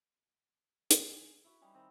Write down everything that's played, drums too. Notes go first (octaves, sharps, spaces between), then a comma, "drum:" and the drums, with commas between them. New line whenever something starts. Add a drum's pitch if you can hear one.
G#4, drum: hi-hat
E4 F#4 B5
E3 G3 C#4 D#4
D#3 C4